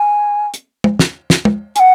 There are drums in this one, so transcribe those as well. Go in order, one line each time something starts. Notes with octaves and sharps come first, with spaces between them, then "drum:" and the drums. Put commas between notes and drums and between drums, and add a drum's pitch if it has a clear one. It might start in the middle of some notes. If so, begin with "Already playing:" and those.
Already playing: G#5
drum: hi-hat
drum: tom
drum: snare
drum: snare
drum: tom
G#5, drum: hi-hat
F#5